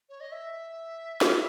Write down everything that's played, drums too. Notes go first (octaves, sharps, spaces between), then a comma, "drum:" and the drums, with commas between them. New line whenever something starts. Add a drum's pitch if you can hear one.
C#5
D#5
E5
drum: snare